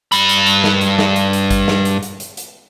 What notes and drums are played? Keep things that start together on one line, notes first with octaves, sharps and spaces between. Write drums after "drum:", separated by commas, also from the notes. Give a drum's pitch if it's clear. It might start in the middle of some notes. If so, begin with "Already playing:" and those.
G2 B5, drum: hi-hat
drum: hi-hat
drum: hi-hat
drum: snare
drum: hi-hat
drum: snare
drum: hi-hat
drum: hi-hat
drum: kick G#1, hi-hat
drum: snare
drum: hi-hat
drum: hi-hat
drum: hi-hat
drum: hi-hat